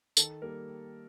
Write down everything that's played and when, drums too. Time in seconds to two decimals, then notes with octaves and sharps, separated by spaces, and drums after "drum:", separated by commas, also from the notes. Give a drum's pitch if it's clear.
0.17 D#3 A4, drum: tambourine
0.42 G3 A#3 A#4